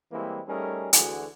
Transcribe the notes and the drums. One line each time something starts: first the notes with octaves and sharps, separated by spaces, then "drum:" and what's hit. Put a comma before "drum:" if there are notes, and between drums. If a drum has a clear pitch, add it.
E3 G3 G#3 A#3 C4 E4
G3 A3 C#4 D#4 G#4 A#4
D2 D3 E3 F#4 G#4, drum: hi-hat